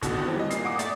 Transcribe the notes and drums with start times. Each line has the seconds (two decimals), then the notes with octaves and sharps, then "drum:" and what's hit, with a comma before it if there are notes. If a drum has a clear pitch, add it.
0.03 B2 D3 D#3 F#4, drum: kick, hi-hat
0.25 E3 C4
0.36 G3 D#5
0.51 A#2 C7, drum: hi-hat
0.64 F#5 D6 D#6
0.79 A3 D5, drum: hi-hat